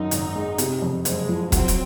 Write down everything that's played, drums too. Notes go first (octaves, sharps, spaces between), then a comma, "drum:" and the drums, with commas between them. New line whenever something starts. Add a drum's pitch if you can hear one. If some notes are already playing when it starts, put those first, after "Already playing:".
Already playing: F#2 D#3 D#4
G#1, drum: hi-hat
G#3
C3, drum: hi-hat
F2
F#1 G#3, drum: hi-hat
F3
F#3 C4, drum: kick, hi-hat
drum: hi-hat